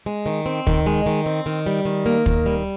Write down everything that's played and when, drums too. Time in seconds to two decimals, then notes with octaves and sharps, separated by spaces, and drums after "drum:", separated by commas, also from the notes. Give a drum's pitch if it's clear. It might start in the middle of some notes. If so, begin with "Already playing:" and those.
0.06 G#3
0.26 D#3
0.46 C4
0.67 D#3, drum: kick
0.86 G#3
1.06 D#3
1.26 C4
1.46 D#3
1.66 G3
1.85 D#3
2.06 A#3
2.26 D#3, drum: kick
2.46 G3